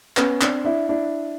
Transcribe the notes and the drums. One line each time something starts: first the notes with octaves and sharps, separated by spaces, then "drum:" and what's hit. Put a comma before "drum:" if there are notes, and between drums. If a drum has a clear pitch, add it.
B3 C#4, drum: clap
C4 D4, drum: clap
D4 E4
D4 E4